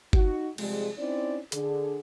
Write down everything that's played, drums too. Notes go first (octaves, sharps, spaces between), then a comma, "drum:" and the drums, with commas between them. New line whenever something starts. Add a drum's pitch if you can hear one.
D#4 F#4, drum: kick G1
C3 F3 G3 G#3, drum: cymbal
C4 C#4 D#4 E4 C5 D5
D3 G#4, drum: hi-hat